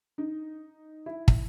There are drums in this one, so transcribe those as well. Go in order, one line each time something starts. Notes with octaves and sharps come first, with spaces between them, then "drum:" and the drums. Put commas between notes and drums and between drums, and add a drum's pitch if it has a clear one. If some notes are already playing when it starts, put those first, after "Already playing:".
D#4
E4
drum: kick